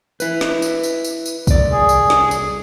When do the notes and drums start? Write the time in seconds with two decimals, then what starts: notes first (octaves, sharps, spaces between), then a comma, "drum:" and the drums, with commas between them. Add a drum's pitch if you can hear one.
0.20 E4 B4, drum: tambourine
0.41 drum: snare
0.62 drum: tambourine
0.83 drum: tambourine
1.04 drum: tambourine
1.26 drum: tambourine
1.47 C2 D5, drum: kick, tambourine
1.72 G#4
1.89 drum: tambourine
2.10 drum: snare
2.31 drum: tambourine